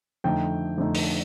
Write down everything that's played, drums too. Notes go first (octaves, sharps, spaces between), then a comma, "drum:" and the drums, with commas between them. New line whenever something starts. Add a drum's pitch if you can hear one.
F2 D3 A3 D#4 G5
F2 D3 A3 D#4
drum: open hi-hat